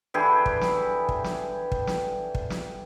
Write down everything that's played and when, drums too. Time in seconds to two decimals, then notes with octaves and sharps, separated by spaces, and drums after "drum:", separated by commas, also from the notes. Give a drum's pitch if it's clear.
0.14 D3 E3 G4 G#4
0.46 drum: kick
0.61 drum: snare
1.09 drum: kick
1.24 drum: snare
1.72 drum: kick
1.87 drum: snare
2.35 drum: kick
2.50 drum: snare